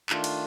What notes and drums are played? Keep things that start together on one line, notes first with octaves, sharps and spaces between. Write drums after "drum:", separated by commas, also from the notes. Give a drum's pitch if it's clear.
D#3 A3 D4 F4, drum: clap
drum: cymbal